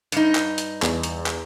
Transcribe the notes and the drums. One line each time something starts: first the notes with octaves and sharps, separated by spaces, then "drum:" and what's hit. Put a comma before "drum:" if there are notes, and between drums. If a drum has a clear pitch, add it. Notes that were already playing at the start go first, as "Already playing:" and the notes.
G2 D#4, drum: hi-hat
drum: clap
drum: hi-hat
E2, drum: clap
drum: hi-hat
drum: clap